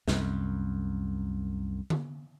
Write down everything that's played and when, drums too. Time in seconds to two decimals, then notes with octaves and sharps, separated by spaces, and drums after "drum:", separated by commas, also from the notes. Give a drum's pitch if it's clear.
0.08 C2 F#2, drum: snare
1.90 drum: tom D3